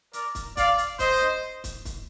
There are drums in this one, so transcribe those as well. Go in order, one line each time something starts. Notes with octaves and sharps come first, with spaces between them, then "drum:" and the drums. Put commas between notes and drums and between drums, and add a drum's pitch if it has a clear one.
A#4 D5, drum: hi-hat
drum: kick, hi-hat
D5 F5, drum: kick, hi-hat
drum: hi-hat
C5 D#5, drum: kick, hi-hat
drum: snare
drum: kick, hi-hat
drum: kick, hi-hat